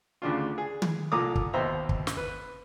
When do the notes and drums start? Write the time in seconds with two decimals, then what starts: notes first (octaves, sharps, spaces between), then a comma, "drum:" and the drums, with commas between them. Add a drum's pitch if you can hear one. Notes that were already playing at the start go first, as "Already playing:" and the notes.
0.22 D2 C#3 D4 F4
0.58 G#4
0.82 drum: tom
1.12 C2 A#2 A4 A#5 D6 D#6
1.35 drum: kick
1.53 D#2 B2 C5 E5 A#5
1.89 drum: kick
2.07 drum: snare
2.17 B4